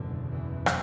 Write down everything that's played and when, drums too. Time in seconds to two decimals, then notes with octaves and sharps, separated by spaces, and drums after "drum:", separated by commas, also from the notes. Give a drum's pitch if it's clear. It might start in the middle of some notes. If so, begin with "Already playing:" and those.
Already playing: F#1 E2 B2 D3
0.29 E3
0.66 drum: rim click